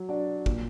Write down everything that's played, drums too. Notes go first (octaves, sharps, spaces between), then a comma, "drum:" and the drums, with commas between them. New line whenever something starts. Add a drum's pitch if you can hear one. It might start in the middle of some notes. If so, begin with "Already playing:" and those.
Already playing: F#3
D4 F#4 D5
A#2, drum: kick